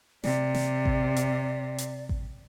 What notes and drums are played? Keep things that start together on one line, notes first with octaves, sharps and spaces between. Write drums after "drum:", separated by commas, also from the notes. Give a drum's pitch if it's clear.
C3 D5, drum: snare
drum: snare
drum: kick A1
drum: hi-hat
drum: hi-hat
drum: kick A1